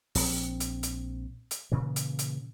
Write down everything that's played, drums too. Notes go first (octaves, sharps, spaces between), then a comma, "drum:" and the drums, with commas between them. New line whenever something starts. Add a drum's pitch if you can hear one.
A#1 C4, drum: open hi-hat
drum: hi-hat
drum: hi-hat
drum: hi-hat
A#2 C#3 E3
drum: hi-hat
drum: hi-hat